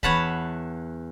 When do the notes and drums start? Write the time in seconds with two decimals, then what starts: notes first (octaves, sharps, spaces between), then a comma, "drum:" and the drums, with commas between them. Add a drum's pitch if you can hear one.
0.03 E2 C#5 F#5 A5 B5, drum: kick C#1